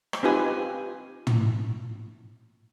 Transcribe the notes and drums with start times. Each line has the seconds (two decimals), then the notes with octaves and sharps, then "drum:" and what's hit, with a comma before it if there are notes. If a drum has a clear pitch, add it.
0.13 drum: rim click
0.23 C4 D#4 F4 G4 B4 G#5
1.27 drum: tom